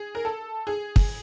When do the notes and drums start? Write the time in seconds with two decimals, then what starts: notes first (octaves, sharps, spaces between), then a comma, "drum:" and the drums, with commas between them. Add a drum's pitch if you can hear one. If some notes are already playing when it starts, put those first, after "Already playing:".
Already playing: G#4
0.15 A#4
0.25 A4
0.67 G#4
0.96 drum: kick